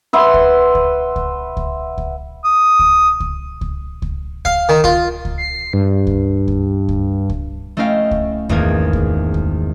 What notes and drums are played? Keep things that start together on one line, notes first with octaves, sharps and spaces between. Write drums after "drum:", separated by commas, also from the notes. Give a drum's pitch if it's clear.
B4 E5 F#5 C6
drum: kick C#2
drum: kick C#2
drum: kick C#2
drum: kick C#2
drum: kick C#2
D#6
drum: kick C#2
drum: kick C#2
drum: kick C#2
drum: kick C#2
F5, drum: kick C#2
D#3
F4, drum: kick C#2
drum: kick C#2
C7
G2
drum: kick C#2
drum: kick C#2
drum: kick C#2
drum: kick C#2
A3 C#4 E4 D#5 F5 G5
drum: kick C#2
G#1 E2 A#3 A#4 G#6, drum: kick C#2
drum: kick C#2
drum: kick C#2